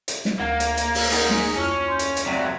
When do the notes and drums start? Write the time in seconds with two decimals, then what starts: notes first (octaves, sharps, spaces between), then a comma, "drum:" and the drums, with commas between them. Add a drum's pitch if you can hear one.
0.08 drum: hi-hat
0.25 drum: snare
0.40 D2 A#3
0.60 drum: hi-hat
0.77 drum: hi-hat
0.95 drum: open hi-hat
1.12 A#3 D#4 G#4 A#4 F#5, drum: hi-hat
1.30 drum: snare
1.56 F2 C#4 E4 F6
1.88 C6 G6
1.99 drum: hi-hat
2.17 drum: hi-hat
2.26 C3 F#3 D5